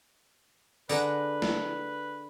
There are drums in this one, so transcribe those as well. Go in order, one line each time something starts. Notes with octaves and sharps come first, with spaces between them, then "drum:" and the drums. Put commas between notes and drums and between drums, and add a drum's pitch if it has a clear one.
D3 G#4 B4 A#5, drum: tambourine
drum: snare